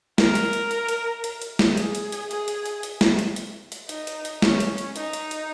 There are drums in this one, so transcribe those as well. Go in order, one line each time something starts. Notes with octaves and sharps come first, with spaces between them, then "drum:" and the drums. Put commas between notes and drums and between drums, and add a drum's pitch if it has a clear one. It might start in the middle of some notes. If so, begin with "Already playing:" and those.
A#4, drum: snare
drum: hi-hat
drum: hi-hat
drum: hi-hat
drum: hi-hat
drum: hi-hat
drum: hi-hat
drum: snare
G#4, drum: hi-hat
drum: hi-hat
drum: hi-hat
G#4, drum: hi-hat
drum: hi-hat
drum: hi-hat
drum: hi-hat
drum: snare
drum: hi-hat
drum: hi-hat
drum: hi-hat
D#4, drum: hi-hat
drum: hi-hat
drum: hi-hat
C#4, drum: snare
drum: hi-hat
drum: hi-hat
D#4, drum: hi-hat
drum: hi-hat
drum: hi-hat